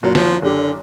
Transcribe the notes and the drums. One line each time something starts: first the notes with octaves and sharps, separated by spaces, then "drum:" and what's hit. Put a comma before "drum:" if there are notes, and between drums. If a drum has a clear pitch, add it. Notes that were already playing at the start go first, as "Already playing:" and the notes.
F#1 A#2 F#3
F3, drum: snare
F#1 D3 G4